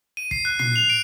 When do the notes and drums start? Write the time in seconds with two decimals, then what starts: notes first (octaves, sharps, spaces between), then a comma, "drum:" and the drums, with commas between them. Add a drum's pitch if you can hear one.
0.17 D#7
0.31 C7, drum: kick
0.45 F#6
0.59 C7, drum: tom
0.76 F7
0.90 D7